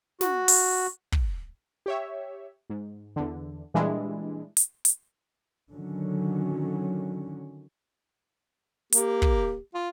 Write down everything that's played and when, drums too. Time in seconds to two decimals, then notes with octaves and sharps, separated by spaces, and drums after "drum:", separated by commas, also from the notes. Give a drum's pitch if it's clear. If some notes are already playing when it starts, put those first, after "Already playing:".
0.21 F#4, drum: snare
0.48 drum: open hi-hat
1.12 drum: kick
1.86 G4 C#5 E5
2.70 G#2
3.16 E2 D3
3.74 A#2 E3 G3 G#3 D4 E4
4.57 drum: hi-hat
4.85 drum: hi-hat
5.71 D3 D#3 F#3 C#4
8.92 A#3 G4, drum: hi-hat
9.22 drum: kick
9.74 F4